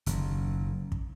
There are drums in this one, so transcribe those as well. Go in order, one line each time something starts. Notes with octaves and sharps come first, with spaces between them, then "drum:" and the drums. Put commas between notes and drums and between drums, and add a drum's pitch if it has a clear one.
F#1 D#2, drum: hi-hat
drum: kick